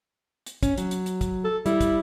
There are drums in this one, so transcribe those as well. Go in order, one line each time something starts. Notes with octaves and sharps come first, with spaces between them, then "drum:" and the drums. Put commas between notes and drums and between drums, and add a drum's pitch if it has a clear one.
drum: hi-hat
C#4, drum: kick, hi-hat
F#3, drum: hi-hat
drum: hi-hat
drum: hi-hat
drum: kick, hi-hat
A4
G3 E4, drum: hi-hat
drum: kick, hi-hat